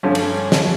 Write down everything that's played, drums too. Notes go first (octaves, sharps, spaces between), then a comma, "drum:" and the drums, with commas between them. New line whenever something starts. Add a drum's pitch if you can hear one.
G2 D3 F3 A3 C#4
drum: cymbal
drum: snare